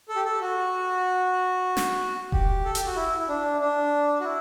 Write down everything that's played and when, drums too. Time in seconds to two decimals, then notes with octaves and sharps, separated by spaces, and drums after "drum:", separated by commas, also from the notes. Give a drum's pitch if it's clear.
0.08 A4
0.16 G4
0.25 A4
0.41 F#4
1.77 drum: snare
2.32 G4, drum: kick E1
2.65 A4
2.75 G4, drum: hi-hat
2.86 F#4
2.96 E4
3.18 E4
3.28 D4
3.61 D4
4.20 F#4
4.24 E4